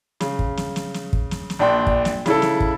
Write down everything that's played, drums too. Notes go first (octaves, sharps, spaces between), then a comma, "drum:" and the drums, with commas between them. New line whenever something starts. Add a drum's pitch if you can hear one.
C#3, drum: snare
drum: kick
drum: snare
drum: snare
drum: snare
drum: kick
drum: snare
drum: snare
A#1 D4 G5 C6
drum: kick
drum: snare
C#3 E4 A4, drum: snare
drum: snare
drum: kick